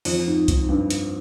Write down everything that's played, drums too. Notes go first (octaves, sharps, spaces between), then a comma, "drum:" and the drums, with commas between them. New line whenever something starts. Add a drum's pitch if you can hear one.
F2, drum: open hi-hat
G#2
G#2, drum: kick C2, hi-hat
G2
drum: hi-hat